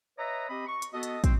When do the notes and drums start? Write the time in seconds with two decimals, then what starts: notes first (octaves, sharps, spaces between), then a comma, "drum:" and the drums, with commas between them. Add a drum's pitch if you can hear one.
0.18 B4 C#5 D#5 E5 A#5
0.48 C4 G4 D#5 B5
0.67 C#6
0.82 drum: hi-hat
0.93 B3 F#4 A4 D#5
1.03 drum: hi-hat
1.24 C4, drum: kick, hi-hat